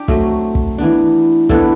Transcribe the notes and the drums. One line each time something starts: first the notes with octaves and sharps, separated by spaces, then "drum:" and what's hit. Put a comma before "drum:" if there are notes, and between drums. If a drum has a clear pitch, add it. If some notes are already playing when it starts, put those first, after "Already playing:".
Already playing: D4 G4
F#3 A3 C4, drum: kick
drum: kick
E3 B3 D4
E3 B3 D4 A4, drum: kick